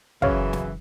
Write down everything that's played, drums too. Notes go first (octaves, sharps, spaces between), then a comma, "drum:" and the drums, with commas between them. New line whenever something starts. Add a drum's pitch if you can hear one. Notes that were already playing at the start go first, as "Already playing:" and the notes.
F#2 C#3 E3 C#5 F5, drum: kick
drum: snare